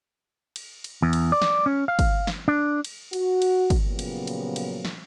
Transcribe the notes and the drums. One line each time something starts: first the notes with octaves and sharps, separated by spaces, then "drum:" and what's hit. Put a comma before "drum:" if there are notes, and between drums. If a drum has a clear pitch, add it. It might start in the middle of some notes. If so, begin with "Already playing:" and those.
drum: cymbal
drum: cymbal
E2
drum: cymbal
D5
drum: snare
C#4
F5
drum: kick, cymbal
drum: snare
D4
drum: cymbal
F#4, drum: cymbal
drum: cymbal
drum: kick, cymbal
A#2 C#3 F3 F#3 B3 G4
drum: cymbal
drum: cymbal
drum: cymbal
drum: snare